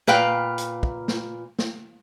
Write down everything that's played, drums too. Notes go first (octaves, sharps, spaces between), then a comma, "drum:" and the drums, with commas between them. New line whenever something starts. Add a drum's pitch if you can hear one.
A#2 B4 F5 G5, drum: snare
drum: hi-hat
drum: kick
drum: snare
drum: snare